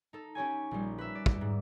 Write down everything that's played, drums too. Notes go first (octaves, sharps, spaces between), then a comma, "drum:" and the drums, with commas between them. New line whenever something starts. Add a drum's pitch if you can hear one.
D#4 A4
C#4 G4 C#5 G#5
A#1 G3
B4 E5
D5
drum: kick
G#2